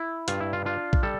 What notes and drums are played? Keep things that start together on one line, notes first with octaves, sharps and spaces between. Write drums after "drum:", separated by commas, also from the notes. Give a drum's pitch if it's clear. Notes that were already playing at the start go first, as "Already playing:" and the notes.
Already playing: E4
G2 F4, drum: hi-hat
E4
F4
D4 F4
drum: kick A#1
G3 A4